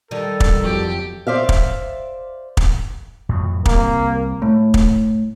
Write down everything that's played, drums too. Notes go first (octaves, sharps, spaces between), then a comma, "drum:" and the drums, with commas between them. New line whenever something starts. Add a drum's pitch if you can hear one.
D#3 G3 A4
drum: kick
F2 F#3 G4
C5 D5 E5 F5
drum: kick
drum: kick
F2 A2 F#3
C2 G3 A#3 C4, drum: kick
A2
drum: kick